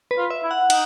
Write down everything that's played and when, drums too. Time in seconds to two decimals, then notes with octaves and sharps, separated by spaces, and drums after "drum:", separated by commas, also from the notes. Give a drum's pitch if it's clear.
0.11 B4
0.18 F4
0.30 E5
0.44 E4
0.51 F#5
0.70 D#4 F#5, drum: cymbal